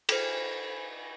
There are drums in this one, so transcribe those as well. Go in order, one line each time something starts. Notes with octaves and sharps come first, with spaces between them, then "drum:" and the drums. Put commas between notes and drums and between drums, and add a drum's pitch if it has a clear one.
A4 C5, drum: cymbal